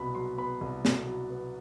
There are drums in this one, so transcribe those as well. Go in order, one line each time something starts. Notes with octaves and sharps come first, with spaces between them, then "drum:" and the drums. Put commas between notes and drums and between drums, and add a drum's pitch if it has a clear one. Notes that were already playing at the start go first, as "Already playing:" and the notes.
Already playing: C2 B2 B5
F#3 C6
B3 B5
C2
B2, drum: snare
F#3
B3